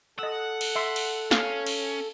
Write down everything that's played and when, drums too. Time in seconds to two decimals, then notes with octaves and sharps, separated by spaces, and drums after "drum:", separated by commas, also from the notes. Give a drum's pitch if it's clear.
0.19 A4 D#5 F#5 E6
0.61 drum: cymbal
0.76 E5 C6
0.96 drum: cymbal
1.31 C#4 F5, drum: snare
1.66 drum: cymbal